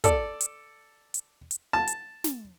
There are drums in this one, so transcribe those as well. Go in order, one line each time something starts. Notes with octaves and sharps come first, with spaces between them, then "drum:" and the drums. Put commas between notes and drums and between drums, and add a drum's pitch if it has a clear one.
A4 D5, drum: kick, hi-hat
drum: hi-hat
drum: hi-hat
drum: hi-hat
A5
drum: hi-hat
drum: snare